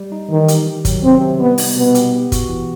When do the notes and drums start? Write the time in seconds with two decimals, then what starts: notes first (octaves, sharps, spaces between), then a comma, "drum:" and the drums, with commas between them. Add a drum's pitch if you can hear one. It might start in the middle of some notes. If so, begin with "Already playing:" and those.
Already playing: G3
0.12 D#4
0.30 D#3 E3
0.48 G4, drum: hi-hat
0.67 D#3
0.85 F#3, drum: kick G1, hi-hat
1.03 C3 C4
1.21 C3
1.40 G3 B3
1.58 D#4, drum: open hi-hat
1.76 B2 B3
1.95 G4, drum: hi-hat
2.12 B3
2.32 F#4, drum: kick G1, hi-hat
2.49 E3